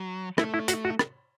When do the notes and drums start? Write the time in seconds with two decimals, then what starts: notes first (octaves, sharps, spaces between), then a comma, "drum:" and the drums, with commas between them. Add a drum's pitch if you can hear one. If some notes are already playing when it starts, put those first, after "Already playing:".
Already playing: F#3
0.38 A3 E4, drum: rim click
0.54 E4
0.68 F#4, drum: hi-hat
0.85 F#4
0.99 drum: rim click